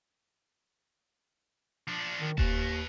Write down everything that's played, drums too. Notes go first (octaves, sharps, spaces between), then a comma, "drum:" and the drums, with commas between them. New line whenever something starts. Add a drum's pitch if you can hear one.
F3 D4
D#3
D#2 B4 A5, drum: kick E1